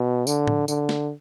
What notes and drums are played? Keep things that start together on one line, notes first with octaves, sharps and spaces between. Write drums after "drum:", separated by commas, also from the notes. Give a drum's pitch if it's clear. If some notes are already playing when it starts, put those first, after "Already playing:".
Already playing: B2
D3, drum: tambourine
drum: tom A2
D3, drum: tambourine
drum: snare